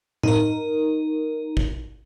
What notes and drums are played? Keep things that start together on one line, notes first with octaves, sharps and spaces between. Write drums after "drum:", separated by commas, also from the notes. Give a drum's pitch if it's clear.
D#4 A#4, drum: tom A2
drum: kick